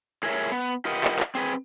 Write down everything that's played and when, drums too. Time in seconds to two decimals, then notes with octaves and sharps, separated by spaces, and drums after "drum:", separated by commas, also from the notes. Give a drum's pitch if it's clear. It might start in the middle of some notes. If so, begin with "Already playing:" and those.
0.23 A2 G#4 A#4 C#5 E5
0.52 B3
0.85 F4 G4 A#4 B4 D#5 F#5
1.04 drum: clap
1.19 drum: clap
1.35 C4 G#4 B4